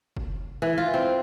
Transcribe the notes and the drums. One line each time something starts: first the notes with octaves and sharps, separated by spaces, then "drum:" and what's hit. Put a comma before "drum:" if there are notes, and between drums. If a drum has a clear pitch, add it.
drum: kick F#1
E3
F4
C4